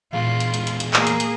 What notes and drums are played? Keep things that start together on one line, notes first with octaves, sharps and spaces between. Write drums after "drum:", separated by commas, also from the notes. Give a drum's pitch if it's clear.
E2 A#2 G#3 F4 F5
drum: hi-hat
drum: hi-hat
drum: hi-hat
drum: hi-hat
A#3 G#4, drum: clap
drum: hi-hat
drum: hi-hat